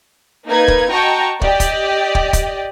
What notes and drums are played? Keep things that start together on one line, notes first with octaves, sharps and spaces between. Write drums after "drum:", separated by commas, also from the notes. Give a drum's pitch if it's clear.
A#3 D#4 B4 G#6
drum: kick
F#4 D#5 G5 A5 A#5 C#6
G4 D5 D#5, drum: kick
drum: kick, hi-hat
drum: kick
drum: kick, hi-hat